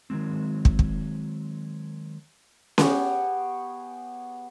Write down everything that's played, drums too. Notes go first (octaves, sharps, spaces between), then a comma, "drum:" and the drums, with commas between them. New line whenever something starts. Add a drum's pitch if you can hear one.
D#3 F#3 G#3 C4
drum: kick
drum: kick
B3 G4 G#4 C#5, drum: snare C#4